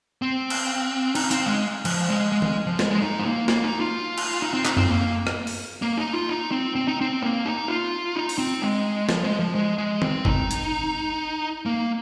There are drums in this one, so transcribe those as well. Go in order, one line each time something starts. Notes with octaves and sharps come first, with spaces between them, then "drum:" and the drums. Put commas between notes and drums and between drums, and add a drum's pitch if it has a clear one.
C4
drum: cymbal
D#4, drum: cymbal
C4, drum: hi-hat
G#3
F3, drum: cymbal
G#3
G#3
drum: tom D#3
F3
G#3, drum: snare
G#3
D#4
G#3
A#3
A#3, drum: snare
D#4
F4
drum: cymbal
D#4
C4
D#4, drum: clap
C4, drum: tom F#2
A#3
drum: rim click
drum: open hi-hat
A#3
D#4
F4
D#4
C4
C4
D#4
C4
A#3
D#4
F4
D#4
drum: open hi-hat
C4
G#3
F3, drum: snare
G#3
F3
G#3
G#3
C4, drum: tom D#3
D#4, drum: kick F#1
drum: hi-hat
A#3